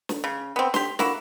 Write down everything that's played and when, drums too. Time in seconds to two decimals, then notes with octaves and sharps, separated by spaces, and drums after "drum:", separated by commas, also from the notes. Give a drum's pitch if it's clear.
0.09 drum: snare
0.24 C#3
0.56 B3 C4
0.74 G4 C6, drum: snare
0.99 A#3 E4 F#4, drum: snare